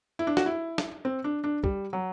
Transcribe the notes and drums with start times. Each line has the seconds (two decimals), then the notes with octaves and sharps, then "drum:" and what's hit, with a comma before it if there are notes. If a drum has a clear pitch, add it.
0.19 E4
0.27 D4
0.37 F#4, drum: snare
0.46 E4
0.78 drum: snare
1.05 C4
1.24 D4
1.44 D4
1.64 G3, drum: kick
1.93 F#3